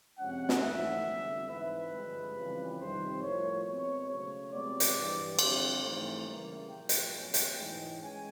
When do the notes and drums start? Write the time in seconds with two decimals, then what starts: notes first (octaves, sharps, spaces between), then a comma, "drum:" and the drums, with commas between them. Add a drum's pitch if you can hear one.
0.19 F2 C3 F3 G#3 C#4 F#5
0.49 drum: snare
0.62 G#2 E3 A3 C4 E5
1.05 F2 D3 G3 B3
1.48 G#2 E3 G#3 C4 B4
1.92 G2 D3 F3 G#3
2.35 F2 C#3 E3 G3
2.79 F2 C3 D#3 G3 C5
3.22 A2 F3 A#3 C#5
3.66 B2 G#3 C4 C#5
4.09 C#3 F#3 A3 C#5
4.52 C3 F3 G#3 B3 D5
4.80 drum: hi-hat
4.95 G2 E3 G3
5.39 F2 D3 G3, drum: cymbal
5.82 G#2 E3 A3 C4
6.26 C#3 E3 G3 A#3
6.69 A#2 F3 A#3 G5
6.89 drum: hi-hat
7.13 B2 F#3 A3 C#4
7.34 drum: hi-hat
7.56 G#2 E3 G#3
8.00 G#3 C#4 G#5